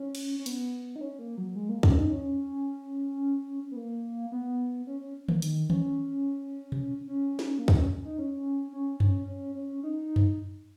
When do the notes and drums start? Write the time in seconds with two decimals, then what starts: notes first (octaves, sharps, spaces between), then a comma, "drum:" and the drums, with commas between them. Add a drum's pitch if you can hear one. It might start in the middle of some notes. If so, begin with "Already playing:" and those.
Already playing: C#4
0.15 drum: cymbal
0.39 C#4
0.46 B3, drum: hi-hat
0.96 D#4
1.01 C#4
1.19 A#3
1.38 F#3
1.56 G#3
1.69 A#3
1.83 C#4, drum: kick C#2
1.97 D#4
2.11 C#4
3.71 B3
3.76 A#3
4.32 B3
4.87 C#4
5.01 C#4
5.29 A#3, drum: tom D#3
5.42 D#3, drum: hi-hat
5.70 C#4, drum: tom D#3
6.72 drum: tom B2
7.08 C#4
7.39 drum: snare
7.59 A#3
7.68 B3, drum: kick C#2
7.77 C#4
8.04 D#4
8.18 C#4
8.73 C#4
9.00 C#4, drum: tom F#2
9.28 C#4
9.55 C#4
9.84 D#4
10.16 drum: tom F#2